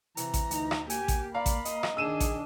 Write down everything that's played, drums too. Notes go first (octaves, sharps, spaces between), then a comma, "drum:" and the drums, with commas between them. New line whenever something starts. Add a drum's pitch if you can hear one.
C3 E3 A#5, drum: hi-hat
drum: kick A1, hi-hat
D2 D#4, drum: hi-hat
drum: rim click
A#3 G4 G#5, drum: hi-hat
drum: kick A1, hi-hat
D5 F5 A#5 B5
drum: kick A1, hi-hat
D#5, drum: hi-hat
drum: rim click
D#3 D4 G#4 E6 D#7 E7
drum: kick A1, hi-hat